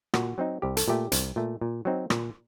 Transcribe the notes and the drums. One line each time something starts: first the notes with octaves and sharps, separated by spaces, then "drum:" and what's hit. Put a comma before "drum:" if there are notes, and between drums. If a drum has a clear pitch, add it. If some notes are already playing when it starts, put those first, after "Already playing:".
A#2 F#4, drum: rim click
F#3 C4 D#4
C2 G4
A4, drum: hi-hat
A#2 A3 G4
C2, drum: hi-hat
A#2 A3
A#2
F#3 C4 D#4
A#2, drum: rim click